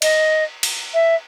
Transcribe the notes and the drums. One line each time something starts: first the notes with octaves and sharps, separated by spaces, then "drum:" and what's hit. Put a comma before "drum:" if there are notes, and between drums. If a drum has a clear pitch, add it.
D#5, drum: cymbal
drum: cymbal
E5